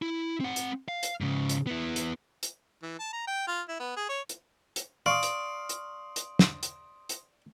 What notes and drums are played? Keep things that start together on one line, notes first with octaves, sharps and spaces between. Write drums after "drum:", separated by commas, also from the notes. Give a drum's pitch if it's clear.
E4
C4 F#5
drum: hi-hat
F5
drum: hi-hat
G#2 C#3
drum: hi-hat
B3 E4
drum: hi-hat
drum: hi-hat
E3
A5
A#5
G5
F4
E4
B3
G#4
C#5
drum: hi-hat
drum: hi-hat
D5 F5 C6 C#6 D#6
drum: hi-hat
drum: hi-hat
drum: hi-hat
drum: snare
drum: hi-hat
drum: hi-hat